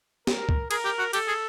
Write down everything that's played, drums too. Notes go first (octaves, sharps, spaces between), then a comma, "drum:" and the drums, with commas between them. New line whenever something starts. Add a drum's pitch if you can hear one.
A#4, drum: snare
drum: kick C#2
G#4 A#4, drum: cymbal
G4
F#4
G4 A4, drum: cymbal
G#4